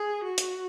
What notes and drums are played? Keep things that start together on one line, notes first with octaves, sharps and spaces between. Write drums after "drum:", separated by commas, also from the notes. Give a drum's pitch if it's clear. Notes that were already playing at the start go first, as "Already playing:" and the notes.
Already playing: G#4
F#4
drum: hi-hat